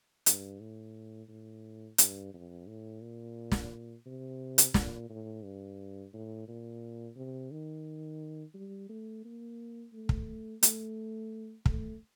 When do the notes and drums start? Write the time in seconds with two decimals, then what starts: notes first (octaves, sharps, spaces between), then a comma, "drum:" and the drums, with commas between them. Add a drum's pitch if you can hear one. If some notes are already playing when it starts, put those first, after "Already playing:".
0.26 G2, drum: hi-hat
0.60 A2
1.29 A2
1.98 G2, drum: hi-hat
2.34 F2
2.68 A2
3.02 A#2
3.52 drum: snare
4.06 C3
4.58 drum: hi-hat
4.74 A#2, drum: snare
5.09 A2
5.44 G2
6.13 A2
6.48 A#2
7.17 C3
7.51 D#3
8.54 G3
8.90 A3
9.25 A#3
9.93 A3
10.09 drum: kick
10.63 A3, drum: hi-hat
11.66 A3, drum: kick